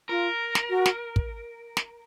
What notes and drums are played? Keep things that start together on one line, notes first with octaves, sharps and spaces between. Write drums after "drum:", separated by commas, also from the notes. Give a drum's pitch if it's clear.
F4 A#4
drum: snare
F#4
drum: snare
drum: kick
drum: snare